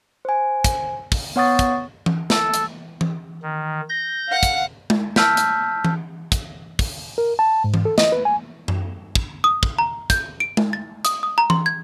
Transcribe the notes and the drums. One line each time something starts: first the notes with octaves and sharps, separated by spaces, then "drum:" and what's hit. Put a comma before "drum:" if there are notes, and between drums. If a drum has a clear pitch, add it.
C5 G#5
drum: kick, hi-hat
drum: kick, open hi-hat
B3 C#5 F#5 C#6 D#6 A6
drum: kick, hi-hat
drum: tom E3
A4, drum: snare
drum: hi-hat
drum: tom E3
D#3
G6 A#6
F5 F#5
drum: kick, hi-hat
drum: tom G#3
A5 E6 F6 G6 B6, drum: snare
drum: hi-hat
drum: tom E3
drum: kick, hi-hat
drum: kick, open hi-hat
A#4
A5
G#2
drum: tom E3
A4
D#5, drum: snare
B4
G#5
drum: tom F#2
drum: kick
D#6
drum: kick
A#5
G6, drum: kick, hi-hat
D7
drum: tom G#3
A6
D#6, drum: hi-hat
D#6
A#5
C6, drum: tom E3
G#6